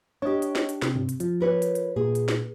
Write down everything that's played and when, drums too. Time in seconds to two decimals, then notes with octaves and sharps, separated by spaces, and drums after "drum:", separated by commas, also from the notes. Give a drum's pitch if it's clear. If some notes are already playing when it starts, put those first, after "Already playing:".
0.22 D4 G4 C#5 D#5
0.42 drum: hi-hat
0.56 drum: snare
0.69 drum: hi-hat
0.82 C3, drum: snare
0.95 drum: tom F#2
1.09 drum: hi-hat
1.20 F3, drum: hi-hat
1.40 A#4 B4 C#5
1.62 drum: hi-hat
1.75 drum: hi-hat
1.96 A#2 G#4
2.15 drum: hi-hat
2.29 drum: snare